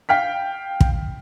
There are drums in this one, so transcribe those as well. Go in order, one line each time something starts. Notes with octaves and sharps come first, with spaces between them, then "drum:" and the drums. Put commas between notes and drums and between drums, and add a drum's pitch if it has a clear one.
F5 G5 F6 B6
drum: kick